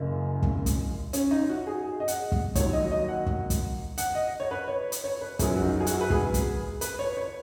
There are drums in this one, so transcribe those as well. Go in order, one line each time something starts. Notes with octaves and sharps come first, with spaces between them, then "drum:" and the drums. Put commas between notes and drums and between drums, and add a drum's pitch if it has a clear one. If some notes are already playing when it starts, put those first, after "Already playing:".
Already playing: F#1 F#2 C#3
drum: kick
drum: kick, hi-hat
C#4, drum: hi-hat
D#4
F#4
G#4
G#4
D#5
F#5, drum: hi-hat
drum: kick
D#2 D#3 F#3 C#5, drum: kick, hi-hat
D#5
D#5
F#5
drum: kick
drum: kick, hi-hat
F#5, drum: hi-hat
D#5
C#5
B4
C#5
drum: hi-hat
C#5
B4
F#2 F#3 G#4, drum: kick, hi-hat
F#4
D#4
G#4
F#4, drum: hi-hat
B4
G#4, drum: kick
drum: kick, hi-hat
B4, drum: hi-hat
C#5
C#5